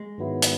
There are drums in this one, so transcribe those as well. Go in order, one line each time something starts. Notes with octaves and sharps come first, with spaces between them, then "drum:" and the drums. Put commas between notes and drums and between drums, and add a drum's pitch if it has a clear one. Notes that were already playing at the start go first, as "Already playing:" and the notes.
Already playing: G#3
G#2 D#3 F#3 B3 E4
drum: hi-hat